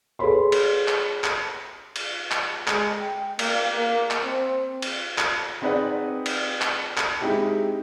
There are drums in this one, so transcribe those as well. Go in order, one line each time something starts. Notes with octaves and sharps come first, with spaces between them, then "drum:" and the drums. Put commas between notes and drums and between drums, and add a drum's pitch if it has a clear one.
G#4 A4 B4 C#5 B5 C6
drum: cymbal
drum: clap
drum: clap
drum: cymbal
drum: clap
G#3, drum: clap
G5
A#3, drum: cymbal
A#3
drum: clap
C4
drum: cymbal
drum: clap
C4 D#4 G#4 B4 D5 F#5
drum: cymbal
drum: clap
drum: clap
G#3 C4 D#4 E4 G4